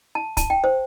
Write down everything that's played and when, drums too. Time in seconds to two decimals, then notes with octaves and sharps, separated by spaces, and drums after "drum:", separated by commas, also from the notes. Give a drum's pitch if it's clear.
0.15 A5
0.37 A5, drum: kick, hi-hat
0.50 G5
0.64 C5